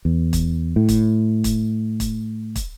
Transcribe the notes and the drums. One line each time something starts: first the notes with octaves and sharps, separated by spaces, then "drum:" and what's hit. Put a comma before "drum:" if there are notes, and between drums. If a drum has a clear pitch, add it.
E2
drum: kick, hi-hat
A2
drum: kick, hi-hat
drum: kick, hi-hat
drum: kick, hi-hat
drum: kick, hi-hat